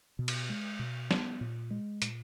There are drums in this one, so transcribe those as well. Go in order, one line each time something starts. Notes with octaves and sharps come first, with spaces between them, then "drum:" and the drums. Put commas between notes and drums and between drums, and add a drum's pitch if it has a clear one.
B2
drum: cymbal
G#3
B2
B3, drum: snare
A#2
G#3
A#2, drum: hi-hat